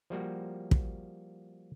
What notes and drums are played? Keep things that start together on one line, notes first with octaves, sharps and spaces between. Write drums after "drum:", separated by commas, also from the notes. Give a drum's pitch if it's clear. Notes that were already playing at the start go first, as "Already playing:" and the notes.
F3 G3 A#3 F#4
drum: kick